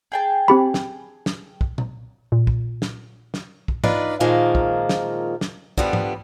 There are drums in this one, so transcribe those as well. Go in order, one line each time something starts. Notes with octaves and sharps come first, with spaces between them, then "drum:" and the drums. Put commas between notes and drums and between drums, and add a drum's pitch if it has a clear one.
G#4 G5 A5
C4 G4 B5
drum: snare
drum: snare
drum: kick
drum: tom A#2
A#2
drum: kick
drum: snare
drum: snare
drum: kick
D4 D#4 F4 B4 D5, drum: tom G#2
A#2 D#3 F3 G#3 A#3
drum: kick
drum: snare
drum: snare
D3 F3 G3 B3, drum: kick
drum: tom G#2